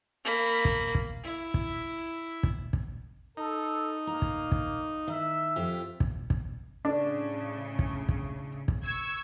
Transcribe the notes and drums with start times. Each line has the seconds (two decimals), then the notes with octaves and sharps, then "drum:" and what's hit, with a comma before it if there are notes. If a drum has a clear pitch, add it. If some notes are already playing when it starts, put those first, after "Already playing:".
0.24 A#3 B5
0.65 drum: kick
0.95 drum: kick
1.24 E4
1.54 drum: kick
2.43 drum: kick
2.73 drum: kick
3.37 D#4 A4
4.07 A#3 A#5
4.22 drum: kick
4.52 drum: kick
5.08 D#3 E5
5.56 F2 F4 G4
6.00 drum: kick
6.30 drum: kick
6.85 A2 C#3 D4
7.79 drum: kick
8.09 drum: kick
8.68 drum: kick
8.83 C#6 E6 G#6